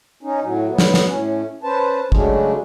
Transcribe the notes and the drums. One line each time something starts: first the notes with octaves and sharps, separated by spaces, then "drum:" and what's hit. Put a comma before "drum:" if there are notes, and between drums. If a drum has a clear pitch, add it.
C#4 D#4
A2 F#3
F#3 B3
drum: snare
drum: snare
A2 C#4
C#4 B4 C5 A5
C#3 F#3 G#3 A3 C#4 D4, drum: kick